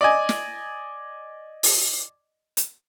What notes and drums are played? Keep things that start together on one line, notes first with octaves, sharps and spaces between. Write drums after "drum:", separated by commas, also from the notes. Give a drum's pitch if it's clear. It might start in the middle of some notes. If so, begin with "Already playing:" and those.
D5 D#5 G#5
drum: snare
drum: open hi-hat
drum: hi-hat